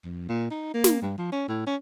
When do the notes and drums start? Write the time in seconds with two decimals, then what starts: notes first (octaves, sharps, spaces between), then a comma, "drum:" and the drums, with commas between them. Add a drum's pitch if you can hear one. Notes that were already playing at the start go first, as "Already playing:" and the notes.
0.04 F2
0.28 A#2
0.51 D#4
0.74 A#3
0.84 drum: snare
1.02 G2
1.18 F3
1.32 C#4
1.48 A2
1.67 C#4